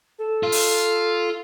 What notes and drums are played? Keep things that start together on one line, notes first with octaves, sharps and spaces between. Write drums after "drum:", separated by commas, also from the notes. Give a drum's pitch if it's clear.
A4
F4
drum: open hi-hat